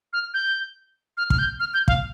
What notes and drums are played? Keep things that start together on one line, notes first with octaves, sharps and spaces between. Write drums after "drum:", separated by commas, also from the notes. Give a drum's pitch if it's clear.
F6
G6
F6
F6, drum: kick
G6
F6
G6
F5, drum: kick